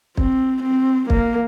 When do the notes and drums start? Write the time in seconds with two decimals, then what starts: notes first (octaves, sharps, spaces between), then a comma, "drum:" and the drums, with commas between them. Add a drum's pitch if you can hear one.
0.17 C4, drum: kick
0.63 C4
1.10 A#3, drum: kick